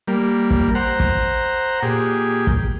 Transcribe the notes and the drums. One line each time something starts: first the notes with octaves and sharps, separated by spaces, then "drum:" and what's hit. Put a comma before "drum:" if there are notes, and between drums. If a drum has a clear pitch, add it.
G3 A#3
drum: kick
C5 F#5 A#5
drum: kick
A#2 G4 G#4
drum: kick